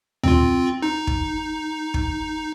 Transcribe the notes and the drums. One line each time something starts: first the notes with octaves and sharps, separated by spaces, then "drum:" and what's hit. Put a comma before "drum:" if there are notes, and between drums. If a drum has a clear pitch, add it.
C4 F4, drum: tom D2
D#4
drum: kick
drum: kick